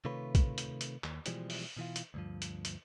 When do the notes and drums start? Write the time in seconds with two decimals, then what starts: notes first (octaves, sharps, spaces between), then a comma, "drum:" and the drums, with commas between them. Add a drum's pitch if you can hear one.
0.05 C3 D#3 A3 F4 B4 C#5
0.35 drum: kick, hi-hat
0.58 drum: hi-hat
0.81 drum: hi-hat
1.04 D#2, drum: clap
1.26 B2 E3 F3 G3 G#3, drum: hi-hat
1.50 drum: open hi-hat
1.77 B2 E3 F4
1.96 drum: hi-hat
2.14 D2 G2 F3
2.42 drum: hi-hat
2.65 drum: hi-hat